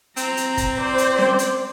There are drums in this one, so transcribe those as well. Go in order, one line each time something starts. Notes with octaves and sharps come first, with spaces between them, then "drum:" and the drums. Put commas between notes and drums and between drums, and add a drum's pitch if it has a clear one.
C4 A#5, drum: hi-hat
drum: hi-hat
drum: kick, hi-hat
C5 D5
drum: hi-hat
drum: snare C#4
drum: hi-hat